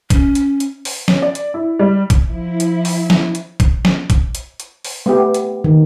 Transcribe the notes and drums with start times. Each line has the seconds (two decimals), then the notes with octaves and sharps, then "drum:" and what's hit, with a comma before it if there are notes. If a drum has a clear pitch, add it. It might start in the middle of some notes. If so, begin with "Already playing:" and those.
0.10 C#4, drum: kick, hi-hat
0.35 drum: hi-hat
0.60 drum: hi-hat
0.85 drum: open hi-hat
1.08 C#4, drum: snare
1.22 D5
1.35 drum: hi-hat
1.54 E4
1.79 G3
2.10 drum: kick, hi-hat
2.27 F3 E4
2.60 drum: hi-hat
2.85 drum: open hi-hat
3.10 drum: snare
3.35 drum: hi-hat
3.60 drum: kick, hi-hat
3.85 drum: snare
4.10 drum: kick, hi-hat
4.35 drum: hi-hat
4.60 drum: hi-hat
4.85 drum: open hi-hat
5.06 A3 B3 G4
5.34 drum: hi-hat
5.64 D#3